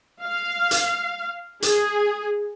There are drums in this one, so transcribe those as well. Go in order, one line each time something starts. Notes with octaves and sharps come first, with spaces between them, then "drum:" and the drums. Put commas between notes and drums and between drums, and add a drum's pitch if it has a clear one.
F5
drum: hi-hat
G#4, drum: hi-hat